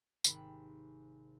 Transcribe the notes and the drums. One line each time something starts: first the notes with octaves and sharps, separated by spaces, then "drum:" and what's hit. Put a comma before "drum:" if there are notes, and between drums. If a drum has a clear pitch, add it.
G#1 C3 B5, drum: tambourine